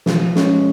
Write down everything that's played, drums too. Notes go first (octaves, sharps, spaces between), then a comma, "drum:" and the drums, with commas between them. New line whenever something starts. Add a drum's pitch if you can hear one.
F3, drum: snare
G#3 C#4, drum: snare